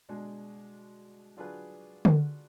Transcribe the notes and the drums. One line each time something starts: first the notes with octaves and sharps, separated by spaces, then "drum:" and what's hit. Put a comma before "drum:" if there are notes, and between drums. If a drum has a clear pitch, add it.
B2 G#3 D4 G#4
F#3 D4 F4 G#4 B4
drum: tom D3